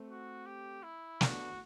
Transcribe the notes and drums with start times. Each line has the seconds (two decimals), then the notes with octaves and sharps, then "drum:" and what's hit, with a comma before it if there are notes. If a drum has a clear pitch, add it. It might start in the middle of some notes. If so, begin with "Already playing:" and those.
Already playing: A3 C4
0.09 F#4
0.46 G4
0.83 E4
1.21 B3 D4 F#4, drum: snare